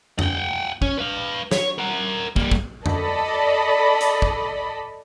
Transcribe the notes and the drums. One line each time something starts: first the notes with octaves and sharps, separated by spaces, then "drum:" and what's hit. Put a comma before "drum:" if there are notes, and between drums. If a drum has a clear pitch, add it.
F#5 G5, drum: tom F2
C#4, drum: kick
B4 F5
C#5, drum: snare
A#4 F#5
G3 A#3, drum: kick
drum: kick
A4 D5 D#5 B5, drum: tom F2
drum: hi-hat
drum: kick